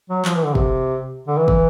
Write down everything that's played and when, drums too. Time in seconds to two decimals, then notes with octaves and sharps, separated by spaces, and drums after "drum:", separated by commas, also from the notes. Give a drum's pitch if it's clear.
0.10 F#3
0.25 F3, drum: clap
0.35 E3
0.45 D3
0.55 C3, drum: kick
1.27 D3
1.38 E3
1.48 drum: kick